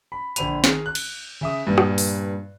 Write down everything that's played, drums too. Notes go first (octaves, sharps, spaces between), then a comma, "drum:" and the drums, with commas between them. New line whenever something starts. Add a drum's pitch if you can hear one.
B5
A#1 D3 C5 B5 D#7 F7, drum: hi-hat
D#3 G#4 F6, drum: snare
F#6
drum: cymbal
C#3 E5 D#6
G2 A#2 B4
drum: rim click
drum: open hi-hat